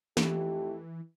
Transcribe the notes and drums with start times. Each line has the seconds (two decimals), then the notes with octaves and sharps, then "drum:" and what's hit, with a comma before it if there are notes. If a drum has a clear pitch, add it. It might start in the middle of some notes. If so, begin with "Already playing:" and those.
0.17 F2 E3 A3 G4, drum: snare